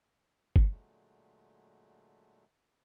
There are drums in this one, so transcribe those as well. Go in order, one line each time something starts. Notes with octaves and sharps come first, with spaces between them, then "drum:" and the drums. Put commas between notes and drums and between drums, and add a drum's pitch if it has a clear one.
drum: kick
A#2 D3 F#3 G#3 A3